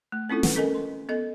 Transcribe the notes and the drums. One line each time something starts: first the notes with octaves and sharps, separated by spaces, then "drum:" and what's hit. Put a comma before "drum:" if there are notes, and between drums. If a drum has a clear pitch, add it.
A3
C4 C#4 E4 F4 A4
B4 F#5, drum: snare
C#4 A4 A#4 D#5 G#5
C6
B3 A4 D#5